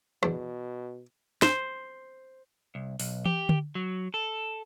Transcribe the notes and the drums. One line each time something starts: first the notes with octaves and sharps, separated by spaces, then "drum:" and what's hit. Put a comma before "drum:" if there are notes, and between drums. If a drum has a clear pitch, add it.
E2 B2 D4, drum: rim click
C5, drum: snare
C2
B1, drum: open hi-hat
G4, drum: tom E3
drum: tom D3
F#3
A4